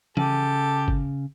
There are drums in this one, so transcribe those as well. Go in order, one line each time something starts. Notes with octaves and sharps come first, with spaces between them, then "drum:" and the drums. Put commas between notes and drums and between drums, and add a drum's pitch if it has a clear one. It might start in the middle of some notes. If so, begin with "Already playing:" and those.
C#3 G4 A4, drum: tom E3
drum: kick F#1